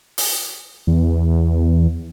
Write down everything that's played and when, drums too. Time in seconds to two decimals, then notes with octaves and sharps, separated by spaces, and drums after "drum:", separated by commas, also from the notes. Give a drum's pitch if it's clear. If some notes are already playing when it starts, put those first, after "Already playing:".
0.18 drum: open hi-hat
0.87 E2